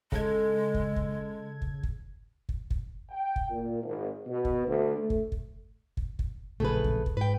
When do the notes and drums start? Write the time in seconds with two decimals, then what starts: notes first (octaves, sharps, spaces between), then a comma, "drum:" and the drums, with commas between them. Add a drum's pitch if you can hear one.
0.12 C#3 G#3 A4 G#6, drum: kick
0.74 drum: kick
0.96 drum: kick
1.62 drum: kick
1.83 drum: kick
2.49 drum: kick
2.70 drum: kick
3.12 G5
3.36 drum: kick
3.50 A#2
3.83 G#1
4.27 B2
4.45 drum: kick
4.66 D2
4.97 A3
5.10 drum: kick
5.32 drum: kick
5.97 drum: kick
6.19 drum: kick
6.60 D1 A#1 C#3 A3 G#4 B4
6.84 drum: kick
7.06 drum: kick
7.17 G#2 B4 G5